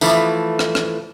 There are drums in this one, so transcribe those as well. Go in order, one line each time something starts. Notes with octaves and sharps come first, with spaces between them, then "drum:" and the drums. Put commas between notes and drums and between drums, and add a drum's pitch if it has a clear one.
E3 F3 A3, drum: tambourine
drum: rim click
drum: rim click